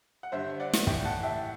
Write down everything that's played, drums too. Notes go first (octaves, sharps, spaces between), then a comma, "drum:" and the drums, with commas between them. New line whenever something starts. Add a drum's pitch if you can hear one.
F#5
G2 D3 C5 E5
D5 F#5
drum: snare
A2 E3 E5 G5, drum: kick
F#5 A5
E5 G5